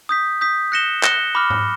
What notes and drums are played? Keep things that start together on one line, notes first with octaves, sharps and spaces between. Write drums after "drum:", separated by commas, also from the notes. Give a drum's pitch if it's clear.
D#6 G6 B6
D#6 G6 B6
F#6 A#6 C#7 E7 G7
F#6 A#6 C#7 E7 G7, drum: clap
B5 D6 F6
drum: tom G#2